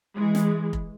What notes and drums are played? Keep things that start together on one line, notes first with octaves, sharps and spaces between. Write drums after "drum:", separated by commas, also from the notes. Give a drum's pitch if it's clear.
E3 G#3
drum: snare
drum: kick F1